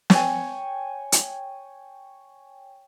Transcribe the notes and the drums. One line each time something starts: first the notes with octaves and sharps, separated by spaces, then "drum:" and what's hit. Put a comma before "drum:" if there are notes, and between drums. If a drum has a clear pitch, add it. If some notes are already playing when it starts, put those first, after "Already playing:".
C#5 G5 G#5, drum: snare
drum: hi-hat